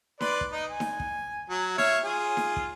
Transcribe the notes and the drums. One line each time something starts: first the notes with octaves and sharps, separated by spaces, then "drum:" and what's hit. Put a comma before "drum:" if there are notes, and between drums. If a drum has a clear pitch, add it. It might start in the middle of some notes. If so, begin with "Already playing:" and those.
B4 D5 C6, drum: snare D#4
drum: kick
D#4
G#5
drum: snare D#4
drum: kick
F#3
C#5 E5 F5, drum: snare D#4
F4 G#4
drum: snare D#4
drum: kick